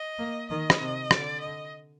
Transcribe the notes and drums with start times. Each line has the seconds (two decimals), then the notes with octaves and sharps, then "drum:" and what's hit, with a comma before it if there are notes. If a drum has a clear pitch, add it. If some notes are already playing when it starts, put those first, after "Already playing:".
Already playing: D#5
0.19 A#3
0.49 D#3 D#5
0.70 drum: rim click
0.81 C3
1.11 D3 D5, drum: rim click
1.41 D#5